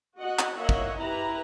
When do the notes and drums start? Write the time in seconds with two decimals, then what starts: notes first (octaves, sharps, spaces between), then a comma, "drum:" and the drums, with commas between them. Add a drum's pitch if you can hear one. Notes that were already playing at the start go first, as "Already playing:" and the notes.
0.20 F#4 D#5 F#5
0.39 drum: clap
0.57 A#3 C#5 D#5 E5 F#5
0.69 drum: kick
0.99 E4 G4 B4 A#5